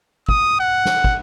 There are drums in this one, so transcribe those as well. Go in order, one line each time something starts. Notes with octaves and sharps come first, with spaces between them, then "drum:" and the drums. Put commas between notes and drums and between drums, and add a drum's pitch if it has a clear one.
D#6, drum: kick
F#5
drum: snare
drum: kick